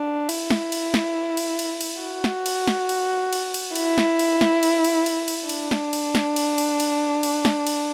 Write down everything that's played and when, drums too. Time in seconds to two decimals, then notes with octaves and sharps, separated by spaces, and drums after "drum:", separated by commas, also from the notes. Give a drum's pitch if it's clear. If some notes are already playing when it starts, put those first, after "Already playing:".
Already playing: D4
0.29 E4, drum: cymbal
0.50 drum: snare
0.72 drum: cymbal
0.94 drum: snare
1.37 drum: cymbal
1.59 drum: cymbal
1.81 drum: cymbal
2.03 F#4
2.24 drum: snare
2.46 drum: cymbal
2.67 drum: snare
2.89 drum: cymbal
3.33 drum: cymbal
3.54 drum: cymbal
3.75 E4, drum: cymbal
3.98 drum: snare
4.19 drum: cymbal
4.41 drum: snare
4.63 drum: cymbal
4.84 drum: cymbal
5.06 drum: cymbal
5.28 drum: cymbal
5.49 D4, drum: cymbal
5.71 drum: snare
5.93 drum: cymbal
6.15 drum: snare
6.36 drum: cymbal
6.58 drum: cymbal
6.80 drum: cymbal
7.23 drum: cymbal
7.45 drum: snare
7.67 drum: cymbal